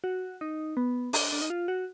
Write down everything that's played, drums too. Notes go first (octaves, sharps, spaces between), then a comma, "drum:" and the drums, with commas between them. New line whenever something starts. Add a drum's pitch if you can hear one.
F#4
D#4
B3
D4, drum: open hi-hat
D4
D#4
F4
F#4